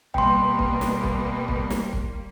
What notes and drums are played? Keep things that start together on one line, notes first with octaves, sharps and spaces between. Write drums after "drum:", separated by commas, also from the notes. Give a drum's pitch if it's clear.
B2 G3 A#3 G5 C6, drum: kick
drum: kick
drum: snare
drum: kick
drum: kick
drum: snare
drum: kick